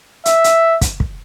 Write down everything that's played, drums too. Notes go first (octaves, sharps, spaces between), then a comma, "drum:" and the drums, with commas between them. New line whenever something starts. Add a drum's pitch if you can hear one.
E5, drum: hi-hat
drum: hi-hat
drum: kick, hi-hat
drum: kick